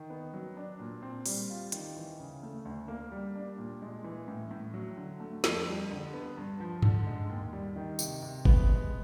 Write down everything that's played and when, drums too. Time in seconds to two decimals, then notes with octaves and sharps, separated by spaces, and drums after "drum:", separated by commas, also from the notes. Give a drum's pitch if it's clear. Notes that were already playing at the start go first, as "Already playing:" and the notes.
Already playing: D#3
0.10 B3
0.34 F#3
0.57 D4
0.80 A#2
1.02 C4
1.26 G3, drum: open hi-hat
1.50 F4
1.72 D#3, drum: hi-hat
1.96 E3
2.20 C#3
2.43 A3
2.65 D2
2.88 A#3
3.12 G3
3.36 D4
3.58 A#2
3.82 G#3
4.04 E3
4.28 A2
4.51 A2
4.74 F#3
4.97 D3
5.20 A3
5.44 F2, drum: snare
5.66 G3
5.91 D3
6.14 B3
6.37 G2
6.60 F3
6.82 D3, drum: tom G2
7.06 G#3
7.29 D#2
7.53 G3
7.76 D#3
7.99 C3, drum: tambourine
8.22 C3
8.45 B3, drum: kick G#1
8.69 G#3